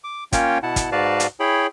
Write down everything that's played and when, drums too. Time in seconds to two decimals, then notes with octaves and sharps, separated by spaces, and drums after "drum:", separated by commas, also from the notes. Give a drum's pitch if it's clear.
0.04 D6
0.33 A#3 C#4 F4 C#5 G5, drum: kick, hi-hat
0.63 B2 E4 F#5 A5
0.76 drum: kick, hi-hat
0.92 G#2 F#4 B4 D5 F5 A5
1.20 drum: hi-hat
1.40 E4 G#4 C#5 G5 B5